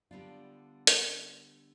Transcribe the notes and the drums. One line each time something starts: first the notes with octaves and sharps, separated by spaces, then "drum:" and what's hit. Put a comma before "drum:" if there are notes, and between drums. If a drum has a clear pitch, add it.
D3 G3 B3 D4 F4
drum: hi-hat